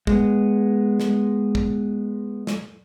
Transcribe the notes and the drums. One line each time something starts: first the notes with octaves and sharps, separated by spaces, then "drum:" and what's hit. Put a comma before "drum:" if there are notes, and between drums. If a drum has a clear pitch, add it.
G#3 B3, drum: kick
drum: snare
drum: kick
drum: snare